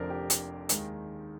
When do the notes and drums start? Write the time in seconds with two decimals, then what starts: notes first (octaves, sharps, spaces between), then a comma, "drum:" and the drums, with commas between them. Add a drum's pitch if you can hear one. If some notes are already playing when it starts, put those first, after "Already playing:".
Already playing: F1 F2 D3 A#4 C5 D5
0.10 G4
0.30 drum: hi-hat
0.69 D#2 D#3 G#3, drum: hi-hat